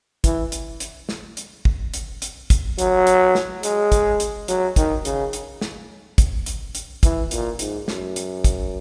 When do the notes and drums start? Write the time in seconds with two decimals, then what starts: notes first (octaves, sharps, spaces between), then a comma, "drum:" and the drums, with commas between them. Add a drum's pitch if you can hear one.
0.24 E3, drum: kick, hi-hat
0.52 drum: hi-hat
0.80 drum: hi-hat
1.09 drum: snare
1.37 drum: hi-hat
1.65 drum: kick
1.94 drum: hi-hat
2.22 drum: hi-hat
2.50 drum: kick, hi-hat
2.78 F#3, drum: hi-hat
3.07 drum: hi-hat
3.35 drum: snare
3.63 G#3, drum: hi-hat
3.92 drum: kick, hi-hat
4.20 drum: hi-hat
4.48 F#3, drum: hi-hat
4.76 D#3, drum: kick, hi-hat
5.05 C#3, drum: hi-hat
5.33 drum: hi-hat
5.61 drum: snare
6.18 drum: kick, hi-hat
6.46 drum: hi-hat
6.75 drum: hi-hat
7.03 E3, drum: kick, hi-hat
7.31 A#2, drum: hi-hat
7.59 G#2, drum: hi-hat
7.88 F#2, drum: snare
8.16 drum: hi-hat
8.44 drum: kick, hi-hat